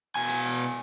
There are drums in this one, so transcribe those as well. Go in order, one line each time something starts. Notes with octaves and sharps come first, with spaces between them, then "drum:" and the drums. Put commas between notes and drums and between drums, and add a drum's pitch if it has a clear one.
B2 G#5
drum: hi-hat